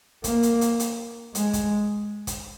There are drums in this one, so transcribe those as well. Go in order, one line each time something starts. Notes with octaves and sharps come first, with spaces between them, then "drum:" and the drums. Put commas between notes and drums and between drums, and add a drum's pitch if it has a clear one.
A#3, drum: kick, hi-hat
drum: hi-hat
drum: hi-hat
drum: hi-hat
G#3, drum: hi-hat
drum: kick, hi-hat
drum: kick, hi-hat